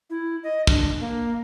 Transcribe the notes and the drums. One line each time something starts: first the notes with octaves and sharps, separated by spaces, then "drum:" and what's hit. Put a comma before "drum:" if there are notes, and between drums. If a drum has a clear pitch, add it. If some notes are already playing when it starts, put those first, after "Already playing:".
E4
D#5
D4, drum: kick
A#3